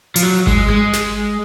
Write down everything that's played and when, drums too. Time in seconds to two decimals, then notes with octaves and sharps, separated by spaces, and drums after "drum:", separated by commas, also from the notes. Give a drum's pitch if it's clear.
0.16 F3, drum: hi-hat
0.23 F#3
0.47 G#3, drum: kick G#1
0.70 G#3
0.93 drum: snare